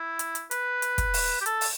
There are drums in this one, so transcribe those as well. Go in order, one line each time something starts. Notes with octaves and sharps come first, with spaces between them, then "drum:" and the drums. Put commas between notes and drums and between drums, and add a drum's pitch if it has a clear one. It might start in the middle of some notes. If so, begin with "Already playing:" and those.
Already playing: E4
drum: hi-hat
drum: hi-hat
B4, drum: hi-hat
drum: hi-hat
drum: kick, hi-hat
drum: open hi-hat
G4
A4, drum: hi-hat
drum: open hi-hat